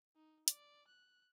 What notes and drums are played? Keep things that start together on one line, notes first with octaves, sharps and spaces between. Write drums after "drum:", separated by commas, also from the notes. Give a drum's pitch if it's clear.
D#4
D5, drum: hi-hat
F#6